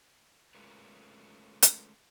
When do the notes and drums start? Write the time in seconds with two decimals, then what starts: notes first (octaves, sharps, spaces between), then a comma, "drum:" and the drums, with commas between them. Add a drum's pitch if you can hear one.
0.55 G#3 A3 C#4 F4 A#4 B4
1.62 drum: hi-hat